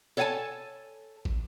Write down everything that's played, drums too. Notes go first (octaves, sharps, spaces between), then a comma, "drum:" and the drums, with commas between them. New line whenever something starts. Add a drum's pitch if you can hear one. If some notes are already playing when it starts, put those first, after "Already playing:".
A4 C#5 F5 F#5 G#5 A5
drum: kick